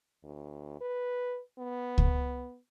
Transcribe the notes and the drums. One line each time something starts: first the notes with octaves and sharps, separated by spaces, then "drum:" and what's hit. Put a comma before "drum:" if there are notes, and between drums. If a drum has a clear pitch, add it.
D2
B4
B3
drum: kick C#2